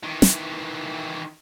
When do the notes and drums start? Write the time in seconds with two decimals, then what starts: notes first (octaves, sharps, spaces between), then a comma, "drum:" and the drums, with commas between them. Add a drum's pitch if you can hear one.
0.04 D#3 E3
0.22 drum: snare